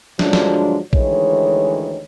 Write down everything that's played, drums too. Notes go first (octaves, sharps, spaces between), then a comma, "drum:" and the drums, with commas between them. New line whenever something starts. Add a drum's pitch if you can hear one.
G2 D3 F3 F#3 G#3 D4, drum: snare
drum: snare
D2 D#3 E3 G#3 C#5, drum: kick A#1